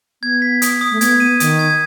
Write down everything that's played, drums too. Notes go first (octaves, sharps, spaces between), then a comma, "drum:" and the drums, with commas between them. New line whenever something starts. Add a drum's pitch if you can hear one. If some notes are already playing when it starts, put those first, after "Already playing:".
B3 G#6
B6
D#6, drum: hi-hat
D#6
A3
B3 G#6, drum: hi-hat
B3 D#7
D#3 D#6, drum: hi-hat
G#6